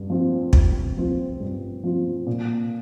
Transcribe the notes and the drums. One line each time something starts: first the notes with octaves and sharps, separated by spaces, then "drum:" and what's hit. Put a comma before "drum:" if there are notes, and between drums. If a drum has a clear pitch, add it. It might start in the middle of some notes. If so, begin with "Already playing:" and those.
Already playing: G2
F3 C4 F4
G2, drum: kick
F3 C4 F4
G2
F3 C4 F4
A#2